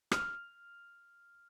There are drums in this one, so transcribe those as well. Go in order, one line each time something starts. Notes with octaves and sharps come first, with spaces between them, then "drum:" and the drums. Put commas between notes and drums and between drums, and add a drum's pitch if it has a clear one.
F6, drum: rim click